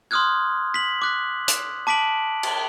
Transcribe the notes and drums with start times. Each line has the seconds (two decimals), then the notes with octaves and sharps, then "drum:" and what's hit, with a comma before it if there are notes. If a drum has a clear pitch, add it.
0.11 C6 D6 D#6 F6 F#6 G#6
0.74 B6 F#7
1.02 D6 F#6 B6
1.48 drum: hi-hat
1.87 A5 D6 B6 D7 F#7
2.43 drum: cymbal